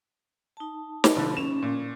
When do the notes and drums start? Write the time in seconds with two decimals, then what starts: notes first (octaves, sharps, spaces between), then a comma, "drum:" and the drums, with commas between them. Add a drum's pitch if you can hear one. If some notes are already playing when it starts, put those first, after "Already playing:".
0.57 D#4 A5
1.04 drum: snare
1.15 B2 D3 F3 B5
1.37 C#4 E7
1.62 A#2